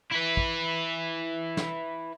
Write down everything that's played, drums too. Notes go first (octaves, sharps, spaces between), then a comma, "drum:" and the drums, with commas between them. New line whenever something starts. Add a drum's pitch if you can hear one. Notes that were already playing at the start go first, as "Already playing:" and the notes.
E4 B4
drum: kick
drum: snare